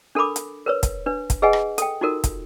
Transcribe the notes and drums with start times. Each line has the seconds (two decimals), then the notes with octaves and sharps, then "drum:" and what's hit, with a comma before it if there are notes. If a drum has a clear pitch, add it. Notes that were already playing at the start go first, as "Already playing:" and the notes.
0.15 D4 A4 A#4 B5 D6
0.36 drum: hi-hat
0.66 A#4 B4 C#5
0.83 drum: kick, hi-hat
1.06 D4 B4
1.30 drum: kick, hi-hat
1.42 G#4 B4 D#5 F#5 G#5
1.53 drum: rim click
1.78 A4 G5, drum: hi-hat
2.01 D#4 F4 F#4 A4 A#4
2.24 drum: kick, hi-hat